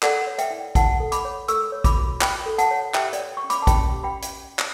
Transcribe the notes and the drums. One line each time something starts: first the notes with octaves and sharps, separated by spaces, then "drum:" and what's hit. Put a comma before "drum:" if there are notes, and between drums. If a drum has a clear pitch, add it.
A4 D5 F#5, drum: clap
C#5
E5 G5, drum: hi-hat
E4
E4 F#5 A5, drum: kick A1, hi-hat
A4
B5 D6, drum: hi-hat
C#5
A4 C#6 E6, drum: hi-hat
C#5
B5 D6, drum: kick A1, hi-hat
F#4
F#4 G5 B5, drum: clap
A4
F#5 A5, drum: hi-hat
C#5
G4 E5 G5, drum: clap
D5, drum: hi-hat
C#5
C#6
C#4
B5 D6, drum: hi-hat
A5
C#4 G5 B5, drum: kick A1, hi-hat
G4
G5 B5
drum: hi-hat
drum: clap